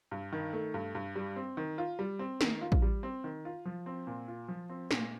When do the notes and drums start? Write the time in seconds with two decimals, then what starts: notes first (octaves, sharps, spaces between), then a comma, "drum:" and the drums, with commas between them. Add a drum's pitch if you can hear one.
0.11 G2
0.32 D#3
0.53 A3
0.74 G2
0.95 G2
1.16 G3
1.36 C4
1.57 D#3
1.78 F4
1.99 G3
2.19 C4
2.41 D#3, drum: snare
2.61 F4
2.72 drum: kick
2.82 G3
3.03 C4
3.24 D#3
3.45 F4
3.65 F3
3.86 C4
4.07 A#2
4.28 F4
4.48 F3
4.70 C4
4.91 A#2, drum: snare